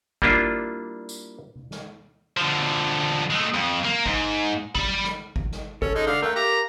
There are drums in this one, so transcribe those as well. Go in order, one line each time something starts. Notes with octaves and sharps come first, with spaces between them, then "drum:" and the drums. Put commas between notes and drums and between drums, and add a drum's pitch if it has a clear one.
G3 A#3 D4 E4 F4, drum: kick G#1
drum: tambourine
drum: tom C3
drum: snare
D3 F3
G#3 A3
F2
A#3
G#2, drum: kick G#1
D5 B5, drum: kick G#1
drum: snare
drum: kick G#1
drum: snare
C#4 A4, drum: kick G#1
G#3 D#4
D3 F5
A3 A#4 F5 G5 F#6
G4 A#5